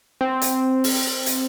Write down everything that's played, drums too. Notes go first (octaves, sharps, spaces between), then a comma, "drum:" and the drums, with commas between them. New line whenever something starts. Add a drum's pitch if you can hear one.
C4
drum: hi-hat
drum: open hi-hat
drum: hi-hat